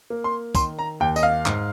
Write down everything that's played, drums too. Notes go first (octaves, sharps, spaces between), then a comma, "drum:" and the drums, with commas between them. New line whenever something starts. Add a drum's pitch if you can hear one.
A#3
C6
D#3 C6, drum: kick, tambourine
A#5
D#2 G5
D#5, drum: tambourine
F5
G#2, drum: clap